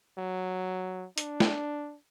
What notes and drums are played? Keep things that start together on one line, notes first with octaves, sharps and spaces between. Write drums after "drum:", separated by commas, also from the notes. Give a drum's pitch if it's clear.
F#3
D4, drum: hi-hat
drum: snare